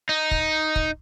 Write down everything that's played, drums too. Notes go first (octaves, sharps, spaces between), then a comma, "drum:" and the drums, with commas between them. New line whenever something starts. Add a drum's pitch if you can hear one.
D#4
drum: kick
drum: kick